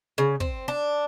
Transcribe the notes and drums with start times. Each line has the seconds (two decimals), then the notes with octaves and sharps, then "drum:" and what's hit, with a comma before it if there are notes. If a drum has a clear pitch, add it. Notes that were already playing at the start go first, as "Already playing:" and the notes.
0.18 C#3
0.40 C4, drum: kick
0.68 D4